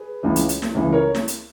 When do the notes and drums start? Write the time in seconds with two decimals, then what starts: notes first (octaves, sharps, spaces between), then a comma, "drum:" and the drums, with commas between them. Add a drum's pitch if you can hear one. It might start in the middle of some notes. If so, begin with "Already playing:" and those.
Already playing: G#4 B4
0.23 C#2 C#3 E3
0.36 drum: hi-hat
0.49 drum: hi-hat
0.62 drum: snare
0.75 C#2 C#3 E3
0.93 A#4 C#5
1.15 drum: snare
1.28 drum: hi-hat